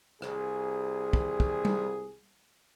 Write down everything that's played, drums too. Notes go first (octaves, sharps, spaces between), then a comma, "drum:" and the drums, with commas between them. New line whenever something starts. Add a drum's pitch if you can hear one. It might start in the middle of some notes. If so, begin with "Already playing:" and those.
C2 G#4, drum: rim click
drum: kick
drum: kick
drum: tom G3